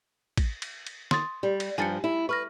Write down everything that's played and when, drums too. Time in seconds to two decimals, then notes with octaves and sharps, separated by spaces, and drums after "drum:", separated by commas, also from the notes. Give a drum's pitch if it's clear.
0.37 drum: kick, cymbal
0.62 drum: cymbal
0.87 drum: cymbal
1.11 C6 D#6 A6, drum: snare
1.43 G3
1.60 drum: cymbal
1.78 G2 F3 G#5 A6 C#7
2.04 E4
2.29 B4 C#6 F6 A#6